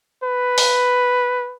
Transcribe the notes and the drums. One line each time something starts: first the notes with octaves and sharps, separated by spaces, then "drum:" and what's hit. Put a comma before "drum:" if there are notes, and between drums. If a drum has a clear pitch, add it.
B4
drum: open hi-hat